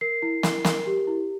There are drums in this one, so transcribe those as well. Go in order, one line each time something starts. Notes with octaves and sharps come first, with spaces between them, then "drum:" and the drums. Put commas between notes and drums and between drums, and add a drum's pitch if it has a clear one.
A#4 C7
E4
A#4, drum: snare
A#4, drum: snare
G4
E4